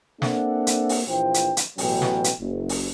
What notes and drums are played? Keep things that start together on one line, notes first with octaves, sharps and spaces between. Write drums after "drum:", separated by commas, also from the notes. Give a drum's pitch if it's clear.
A#3 C4 D4 A4 E5 F#5, drum: snare
drum: hi-hat
drum: open hi-hat
A#1 E3 F3 C5 G5
drum: hi-hat
drum: hi-hat
A1 B2 F#3 C#4 G5, drum: open hi-hat
drum: snare
drum: hi-hat
F#1
drum: open hi-hat